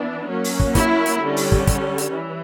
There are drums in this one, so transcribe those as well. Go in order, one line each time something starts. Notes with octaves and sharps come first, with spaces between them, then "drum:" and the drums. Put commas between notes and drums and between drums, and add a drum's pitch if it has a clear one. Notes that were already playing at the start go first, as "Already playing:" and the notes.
Already playing: E3 B3 D4
F#3 A#3 C#4
drum: open hi-hat
drum: kick
E4, drum: kick, hi-hat
drum: hi-hat
D3 G3 C#4
drum: open hi-hat
drum: kick
drum: kick, hi-hat
drum: hi-hat
E3